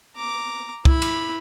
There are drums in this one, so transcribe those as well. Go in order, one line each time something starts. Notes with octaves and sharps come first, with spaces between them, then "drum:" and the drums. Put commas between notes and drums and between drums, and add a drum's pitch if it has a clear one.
A#5 D6
E4 B5, drum: kick
drum: cymbal